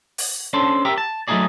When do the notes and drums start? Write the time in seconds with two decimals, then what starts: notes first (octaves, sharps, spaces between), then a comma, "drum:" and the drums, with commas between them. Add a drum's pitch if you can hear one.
0.18 drum: open hi-hat
0.53 C#4 D4 A4 C5 D5
0.85 G4 A#4 E5
0.98 A5
1.28 F#3 A3 C#4 D#4 G#4 D5